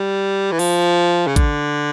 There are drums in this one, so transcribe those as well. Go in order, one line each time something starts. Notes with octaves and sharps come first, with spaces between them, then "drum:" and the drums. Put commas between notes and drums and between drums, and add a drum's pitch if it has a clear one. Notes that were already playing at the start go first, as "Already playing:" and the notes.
Already playing: G3
E3
F3, drum: open hi-hat
C#3
D3, drum: kick, hi-hat